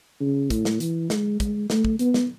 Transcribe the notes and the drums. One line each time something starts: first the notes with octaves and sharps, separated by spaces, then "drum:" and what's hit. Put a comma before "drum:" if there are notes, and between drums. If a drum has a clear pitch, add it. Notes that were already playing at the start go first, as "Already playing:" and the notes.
C#3
A2, drum: kick, hi-hat
drum: snare
E3, drum: hi-hat
G#3, drum: snare
G#3, drum: kick, hi-hat
A3, drum: snare
drum: kick
B3, drum: hi-hat
drum: snare